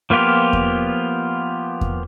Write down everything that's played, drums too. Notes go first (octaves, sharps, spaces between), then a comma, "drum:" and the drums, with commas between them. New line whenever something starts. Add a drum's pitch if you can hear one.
F3 A#3 B3 F4 G4
drum: kick E2
drum: kick E2